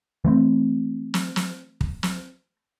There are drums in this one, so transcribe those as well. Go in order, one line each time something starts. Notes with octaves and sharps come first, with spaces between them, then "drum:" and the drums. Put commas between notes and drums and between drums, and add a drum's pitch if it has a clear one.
E3 A3 C4
drum: snare
drum: snare
drum: kick
drum: snare